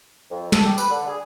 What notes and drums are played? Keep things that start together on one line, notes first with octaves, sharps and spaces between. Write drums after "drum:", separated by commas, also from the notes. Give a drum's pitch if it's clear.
F2
A4, drum: snare
G4
B4, drum: tambourine
D3
G#4